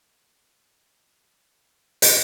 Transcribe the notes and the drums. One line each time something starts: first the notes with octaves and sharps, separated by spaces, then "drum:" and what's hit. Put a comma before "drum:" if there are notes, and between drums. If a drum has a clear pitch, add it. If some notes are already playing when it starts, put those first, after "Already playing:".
G#2
E4
drum: hi-hat